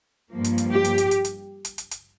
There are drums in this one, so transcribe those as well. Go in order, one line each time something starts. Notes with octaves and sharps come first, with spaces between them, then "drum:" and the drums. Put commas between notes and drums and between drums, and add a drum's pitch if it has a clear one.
G2 F3 A#3
drum: hi-hat
drum: hi-hat
G4
drum: hi-hat
drum: hi-hat
drum: hi-hat
drum: hi-hat
drum: hi-hat
drum: hi-hat
drum: hi-hat